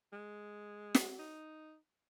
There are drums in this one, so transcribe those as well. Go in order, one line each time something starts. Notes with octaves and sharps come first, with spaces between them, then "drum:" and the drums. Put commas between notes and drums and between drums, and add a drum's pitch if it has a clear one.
G#3
drum: snare
D#4